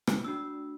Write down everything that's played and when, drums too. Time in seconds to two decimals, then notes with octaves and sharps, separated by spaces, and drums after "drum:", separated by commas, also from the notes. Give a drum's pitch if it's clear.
0.07 drum: rim click
0.24 A3 D4 F#4 E6